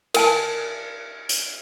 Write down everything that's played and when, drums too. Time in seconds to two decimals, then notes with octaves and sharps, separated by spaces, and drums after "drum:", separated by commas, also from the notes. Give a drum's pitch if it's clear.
0.14 A#4 G#5 A5, drum: cymbal
1.29 drum: hi-hat